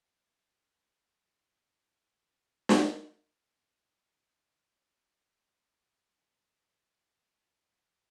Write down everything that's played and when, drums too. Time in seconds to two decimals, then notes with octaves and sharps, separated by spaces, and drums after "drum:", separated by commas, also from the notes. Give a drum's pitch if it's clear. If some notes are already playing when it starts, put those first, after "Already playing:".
0.12 D#3
0.41 C#3
0.70 D3
0.99 C#3
1.28 A2
1.57 A#2
1.86 C#3
2.69 drum: snare
3.01 A2
3.29 G#2
3.59 A2
3.87 A#2
4.16 B2
4.45 C3
4.74 C#3
5.03 D3
5.90 C#3
6.18 C#3
6.47 C3
7.04 A#2
7.34 B2
7.63 B2